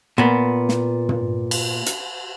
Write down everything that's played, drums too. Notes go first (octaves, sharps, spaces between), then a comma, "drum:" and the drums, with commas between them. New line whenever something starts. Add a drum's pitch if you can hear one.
A#2 B3
drum: snare
drum: tom
drum: cymbal
drum: hi-hat